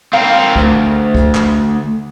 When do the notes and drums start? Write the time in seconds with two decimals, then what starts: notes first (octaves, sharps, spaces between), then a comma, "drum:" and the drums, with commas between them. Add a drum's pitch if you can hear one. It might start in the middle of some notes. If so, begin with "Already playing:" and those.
0.13 C4 A#4 F5
0.56 D2, drum: kick
1.15 drum: kick
1.35 drum: clap